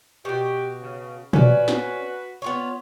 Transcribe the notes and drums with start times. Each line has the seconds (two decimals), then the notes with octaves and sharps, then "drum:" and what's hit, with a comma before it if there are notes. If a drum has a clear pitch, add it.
0.25 B2 F#4 G4
0.82 C#3
1.33 C#4 F#4 B4 D5, drum: tom A#2
1.68 drum: snare
2.42 B3 F4 C#5